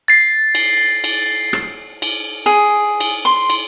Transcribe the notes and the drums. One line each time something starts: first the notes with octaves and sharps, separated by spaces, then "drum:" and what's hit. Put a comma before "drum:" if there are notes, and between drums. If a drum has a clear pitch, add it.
A6 C7
drum: cymbal
drum: cymbal
drum: rim click
drum: cymbal
G#4
drum: cymbal
C6
drum: cymbal